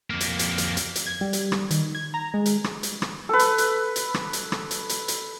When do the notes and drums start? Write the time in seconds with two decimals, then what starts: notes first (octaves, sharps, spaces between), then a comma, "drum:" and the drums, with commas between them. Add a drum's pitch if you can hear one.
0.10 F2 A#3
0.20 drum: hi-hat
0.39 drum: hi-hat
0.58 drum: hi-hat
0.77 drum: hi-hat
0.96 drum: hi-hat
1.07 G#6
1.21 G3
1.33 drum: hi-hat
1.52 drum: rim click
1.71 D#3, drum: hi-hat
1.95 G#6
2.14 A#5
2.34 G#3
2.46 drum: hi-hat
2.64 drum: rim click
2.83 drum: hi-hat
3.02 drum: rim click
3.29 A4 B4
3.39 drum: hi-hat
3.58 drum: hi-hat
3.96 drum: hi-hat
4.14 drum: rim click
4.33 drum: hi-hat
4.52 drum: rim click
4.71 drum: hi-hat
4.89 drum: hi-hat
5.08 drum: hi-hat